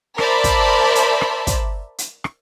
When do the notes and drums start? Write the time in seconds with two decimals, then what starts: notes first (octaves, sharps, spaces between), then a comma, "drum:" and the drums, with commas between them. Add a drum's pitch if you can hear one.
0.18 A#4 C5 D5 E5 A5 B5, drum: rim click
0.44 drum: kick, hi-hat
0.95 drum: hi-hat
1.21 drum: rim click
1.47 drum: kick, hi-hat
1.98 drum: hi-hat
2.24 drum: rim click